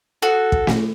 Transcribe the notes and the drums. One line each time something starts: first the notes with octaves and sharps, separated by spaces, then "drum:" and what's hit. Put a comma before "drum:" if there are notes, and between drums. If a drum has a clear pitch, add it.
F#4 A4
drum: kick
drum: snare